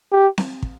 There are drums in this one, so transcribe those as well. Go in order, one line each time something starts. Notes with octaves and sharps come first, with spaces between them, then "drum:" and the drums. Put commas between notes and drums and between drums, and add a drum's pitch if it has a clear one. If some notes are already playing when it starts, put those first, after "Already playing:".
G4
drum: snare C4
drum: kick